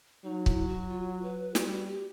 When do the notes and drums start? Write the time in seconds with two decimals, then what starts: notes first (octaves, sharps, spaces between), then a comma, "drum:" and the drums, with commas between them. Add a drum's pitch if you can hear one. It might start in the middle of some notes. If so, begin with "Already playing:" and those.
0.24 F#3 D#4
0.46 E4, drum: kick C#1
0.68 F#4
0.89 F4
1.23 B4
1.55 G3 F#4, drum: snare
1.71 F#4
1.88 G4